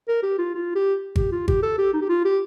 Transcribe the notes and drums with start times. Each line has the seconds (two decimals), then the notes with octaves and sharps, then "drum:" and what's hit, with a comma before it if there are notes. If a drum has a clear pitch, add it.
0.08 A#4
0.23 G4
0.38 F4
0.55 F4
0.75 G4
1.16 G4, drum: kick G#1
1.32 F4
1.48 G4, drum: kick G#1
1.63 A4
1.78 G4
1.94 D#4
2.01 G4
2.09 F4
2.25 G4